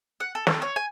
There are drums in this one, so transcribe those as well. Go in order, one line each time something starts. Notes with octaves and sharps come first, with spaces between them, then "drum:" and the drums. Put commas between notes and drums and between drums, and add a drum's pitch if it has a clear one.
F#5
A4
A4, drum: snare
C#5
G#5